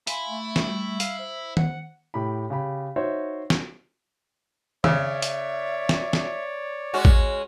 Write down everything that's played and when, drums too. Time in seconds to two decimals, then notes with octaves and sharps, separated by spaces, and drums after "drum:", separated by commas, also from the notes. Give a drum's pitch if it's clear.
0.07 E4 F5 G#5 B5 C6, drum: hi-hat
0.29 A3
0.56 G3, drum: snare
1.00 F5, drum: hi-hat
1.19 C5 E5
1.57 F#5, drum: tom
2.14 A2 G4 B5
2.50 C#3 G4 B5
2.96 D#4 F#4 C5 C#5 E5
3.50 drum: snare
4.84 C#3 C#5 D5 E5, drum: tom
5.22 drum: hi-hat
5.89 drum: snare
6.13 drum: snare
6.94 G#3 C#4 F#4
7.05 drum: kick A1